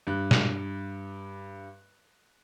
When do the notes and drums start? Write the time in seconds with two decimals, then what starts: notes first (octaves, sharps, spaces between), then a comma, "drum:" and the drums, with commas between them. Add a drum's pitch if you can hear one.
0.07 G2 F#6
0.31 drum: snare